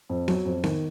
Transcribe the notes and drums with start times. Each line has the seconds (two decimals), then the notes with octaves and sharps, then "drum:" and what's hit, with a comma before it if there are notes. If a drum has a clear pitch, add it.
0.09 F2
0.28 F#3, drum: snare B3
0.45 F2
0.64 D#3, drum: snare B3